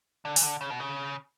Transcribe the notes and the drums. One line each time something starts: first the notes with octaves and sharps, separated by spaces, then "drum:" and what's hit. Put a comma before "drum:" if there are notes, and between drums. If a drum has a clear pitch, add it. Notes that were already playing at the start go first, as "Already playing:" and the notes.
D3
E3, drum: open hi-hat
D3
C#3
B2
C#3